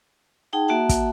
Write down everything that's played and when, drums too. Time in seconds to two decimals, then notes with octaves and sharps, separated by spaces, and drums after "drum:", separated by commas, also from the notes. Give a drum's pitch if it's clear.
0.53 D#4 G#4 F#5 G5 A5
0.68 A#3 F#4 E5 F#5 A5
0.89 drum: kick, hi-hat